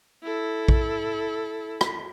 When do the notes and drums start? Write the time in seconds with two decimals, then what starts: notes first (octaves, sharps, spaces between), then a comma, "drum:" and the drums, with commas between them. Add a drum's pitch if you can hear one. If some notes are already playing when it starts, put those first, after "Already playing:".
0.24 E4 A4
0.68 drum: kick A#1
1.81 drum: rim click